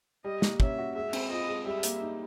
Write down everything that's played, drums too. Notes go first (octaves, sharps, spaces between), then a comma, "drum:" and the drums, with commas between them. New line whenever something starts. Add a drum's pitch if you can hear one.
G3 D#5
A#3, drum: snare
C#4 E5, drum: kick
F#4
G#3 E5
C4, drum: cymbal
F4 D#5
G#3
G3 E5
A#3, drum: hi-hat
D#4